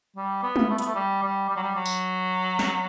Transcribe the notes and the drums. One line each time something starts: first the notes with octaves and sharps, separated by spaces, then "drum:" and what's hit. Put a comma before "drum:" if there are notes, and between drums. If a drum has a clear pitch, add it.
G3
B3
drum: tom
A3
B3, drum: hi-hat
A3
G3
G3
G3
F#3
G3
F#3
drum: tambourine
drum: snare